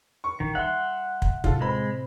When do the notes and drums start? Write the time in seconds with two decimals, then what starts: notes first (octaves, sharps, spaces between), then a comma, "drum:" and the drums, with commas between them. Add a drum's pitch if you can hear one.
0.24 C#6
0.40 A#1 D#3
0.55 G3 E5 F#5 C6
1.22 drum: kick
1.44 A2 C3 F4 A4, drum: kick
1.61 G#3 C4 B5